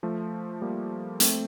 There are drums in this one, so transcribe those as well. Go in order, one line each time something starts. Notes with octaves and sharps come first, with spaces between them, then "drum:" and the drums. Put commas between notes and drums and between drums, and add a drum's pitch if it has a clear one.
F3 A3
G3 A#3
A3 C4, drum: hi-hat